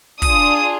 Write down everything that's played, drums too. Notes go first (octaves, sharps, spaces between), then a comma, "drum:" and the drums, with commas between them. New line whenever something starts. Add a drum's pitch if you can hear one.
D4 F4 G#4 D#6, drum: kick, open hi-hat